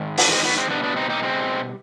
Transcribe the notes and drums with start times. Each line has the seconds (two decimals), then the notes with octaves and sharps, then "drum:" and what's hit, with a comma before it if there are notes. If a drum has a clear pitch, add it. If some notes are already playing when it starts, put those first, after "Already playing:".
Already playing: G#2 D#3
0.18 B3 D4, drum: open hi-hat
0.31 G#3 C4
0.44 B3
0.57 G#3 C4
0.70 B2 G3 B3 D4
0.83 B3 D4
0.96 C4 D#4
1.10 D#4 G4
1.23 G#3 C4